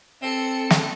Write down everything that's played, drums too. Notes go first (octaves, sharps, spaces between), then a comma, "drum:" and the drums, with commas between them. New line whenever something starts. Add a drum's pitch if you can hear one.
C4 A4 C#7
drum: snare